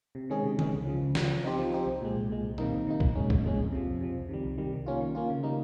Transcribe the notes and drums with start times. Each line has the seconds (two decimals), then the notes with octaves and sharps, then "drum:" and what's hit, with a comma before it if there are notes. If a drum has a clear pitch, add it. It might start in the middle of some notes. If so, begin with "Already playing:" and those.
0.15 C3
0.30 D#3 G#3 C#4 G#4
0.43 C3
0.59 D#3 G#3 C#4 G#4, drum: tom D3
0.73 C#2
0.86 C#3 F3
1.01 C#2
1.15 C#3 F3, drum: snare
1.30 F3
1.44 C4 D#4 G4 C5
1.59 F3
1.72 C4 D#4 G4 C5
1.86 C2
2.01 A#2 G#3
2.15 C2
2.29 A#2 G#3
2.44 C2
2.58 C3 D#3 A#3 D#4, drum: tom A#2
2.73 C2
2.87 C3 D#3 A#3 D#4
3.00 A#1, drum: kick
3.15 A#2 G#3 C#4
3.30 A#1, drum: kick
3.43 A#2 G#3 C#4
3.58 F2
3.72 C3 F3
3.87 F2
4.01 C3 F3
4.15 C2
4.29 C3 D#3 G3
4.43 C2
4.58 C3 D#3 G3
4.73 D#3
4.86 A#3 C#4 F4
5.01 D#3
5.15 A#3 C#4 F4
5.30 C#3
5.43 G3 A#3 D#4